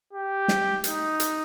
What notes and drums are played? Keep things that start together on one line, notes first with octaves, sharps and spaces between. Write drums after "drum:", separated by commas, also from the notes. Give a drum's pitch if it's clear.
G4
drum: snare
D#4, drum: hi-hat
drum: hi-hat